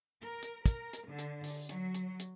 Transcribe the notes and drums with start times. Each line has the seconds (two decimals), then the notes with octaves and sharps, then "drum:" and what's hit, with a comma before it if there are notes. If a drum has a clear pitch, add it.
0.22 A#4
0.43 drum: hi-hat
0.66 A#4, drum: kick, hi-hat
0.93 drum: hi-hat
1.07 D3
1.19 drum: hi-hat
1.44 drum: open hi-hat
1.69 F#3, drum: hi-hat
1.95 drum: hi-hat
2.20 drum: hi-hat